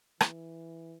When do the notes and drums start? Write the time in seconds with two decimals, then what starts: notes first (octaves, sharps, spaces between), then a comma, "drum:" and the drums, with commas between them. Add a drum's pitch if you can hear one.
0.21 E3, drum: rim click